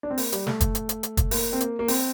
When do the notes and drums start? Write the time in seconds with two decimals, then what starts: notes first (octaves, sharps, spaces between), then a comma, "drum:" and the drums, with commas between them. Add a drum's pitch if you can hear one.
0.03 D4
0.10 C4
0.18 A#3, drum: open hi-hat
0.32 G3, drum: hi-hat
0.47 A3, drum: snare
0.60 drum: kick, hi-hat
0.75 drum: hi-hat
0.89 drum: hi-hat
1.03 drum: hi-hat
1.17 drum: kick, hi-hat
1.31 A#3, drum: open hi-hat
1.53 C4
1.60 A#3, drum: hi-hat
1.79 A#3
1.88 C4, drum: open hi-hat